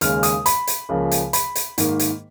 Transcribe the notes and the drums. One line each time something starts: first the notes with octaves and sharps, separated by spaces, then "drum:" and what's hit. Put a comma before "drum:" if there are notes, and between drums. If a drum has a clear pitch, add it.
D#2 C#3 G#3 F6, drum: hi-hat
D#6, drum: hi-hat
B5, drum: hi-hat
drum: hi-hat
C#2 C#3 F3 A#3
drum: hi-hat
B5, drum: hi-hat
drum: hi-hat
G#2 D#3 A#3, drum: hi-hat
drum: hi-hat